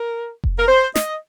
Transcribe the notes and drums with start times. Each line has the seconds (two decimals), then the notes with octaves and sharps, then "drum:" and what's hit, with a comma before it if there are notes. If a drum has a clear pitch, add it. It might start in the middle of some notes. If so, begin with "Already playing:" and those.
Already playing: A#4
0.44 drum: kick F1
0.59 A#4
0.68 C5
0.95 D#5, drum: snare